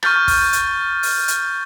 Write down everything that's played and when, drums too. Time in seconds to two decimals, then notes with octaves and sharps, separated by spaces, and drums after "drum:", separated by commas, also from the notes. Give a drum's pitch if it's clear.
0.03 C#6 F6 G6 A6, drum: rim click
0.28 drum: kick, open hi-hat
0.53 drum: hi-hat
1.03 drum: open hi-hat
1.28 drum: hi-hat